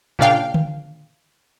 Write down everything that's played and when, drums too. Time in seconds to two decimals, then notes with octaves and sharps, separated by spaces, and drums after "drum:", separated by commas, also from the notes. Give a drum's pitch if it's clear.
0.19 A#2 C#3 D4 F5 G5
0.54 drum: tom D3